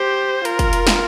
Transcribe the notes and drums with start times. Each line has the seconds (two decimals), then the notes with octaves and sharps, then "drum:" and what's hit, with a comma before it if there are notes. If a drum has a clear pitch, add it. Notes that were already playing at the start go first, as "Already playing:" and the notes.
Already playing: G4 C5
0.45 F4 A#4, drum: hi-hat
0.59 drum: kick, hi-hat
0.73 drum: hi-hat
0.87 drum: snare